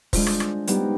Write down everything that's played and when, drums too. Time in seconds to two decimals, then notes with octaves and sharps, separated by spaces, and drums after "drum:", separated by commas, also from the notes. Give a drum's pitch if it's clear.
0.13 G#3 D4 F4 C5, drum: kick, open hi-hat
0.27 drum: rim click
0.40 drum: rim click
0.67 G3 B3 D#4 G4, drum: hi-hat